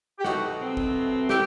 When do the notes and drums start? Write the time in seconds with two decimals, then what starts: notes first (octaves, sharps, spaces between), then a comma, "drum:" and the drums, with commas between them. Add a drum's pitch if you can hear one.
0.19 G4
0.25 B2 F#3 A3 D#4 F#4, drum: snare
0.60 C4
0.77 drum: kick
1.29 E4 G4, drum: snare